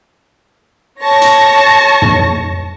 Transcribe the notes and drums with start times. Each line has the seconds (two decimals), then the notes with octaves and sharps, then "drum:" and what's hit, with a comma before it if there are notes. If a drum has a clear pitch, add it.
1.02 C#5 A5 C#6 A#6
1.22 drum: hi-hat
2.02 drum: tom